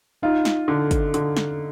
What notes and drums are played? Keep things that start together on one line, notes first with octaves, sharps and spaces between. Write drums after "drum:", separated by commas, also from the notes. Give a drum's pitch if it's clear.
D#4 F4
drum: snare
D3
drum: kick, hi-hat
D3, drum: hi-hat
drum: snare